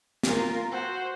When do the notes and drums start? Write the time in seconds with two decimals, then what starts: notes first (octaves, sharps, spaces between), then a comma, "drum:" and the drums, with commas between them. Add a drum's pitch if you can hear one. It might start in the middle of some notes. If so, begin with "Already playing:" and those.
0.23 F4 A#4, drum: snare
0.71 F#4 C5